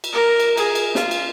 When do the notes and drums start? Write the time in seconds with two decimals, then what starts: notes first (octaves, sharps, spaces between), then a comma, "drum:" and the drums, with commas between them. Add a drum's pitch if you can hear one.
0.04 drum: cymbal
0.13 A#4
0.40 drum: cymbal
0.57 G#4, drum: cymbal
0.75 drum: cymbal
0.95 F4, drum: snare
1.11 drum: cymbal